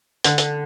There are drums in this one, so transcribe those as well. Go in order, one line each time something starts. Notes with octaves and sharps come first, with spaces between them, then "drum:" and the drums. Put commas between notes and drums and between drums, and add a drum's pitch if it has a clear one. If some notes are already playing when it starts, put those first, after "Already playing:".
D3, drum: hi-hat
drum: hi-hat